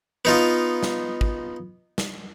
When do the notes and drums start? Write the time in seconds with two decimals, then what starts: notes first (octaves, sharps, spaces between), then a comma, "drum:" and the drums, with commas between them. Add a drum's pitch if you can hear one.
0.25 B3 D#4 F4
0.83 drum: snare
1.21 drum: kick
1.98 drum: snare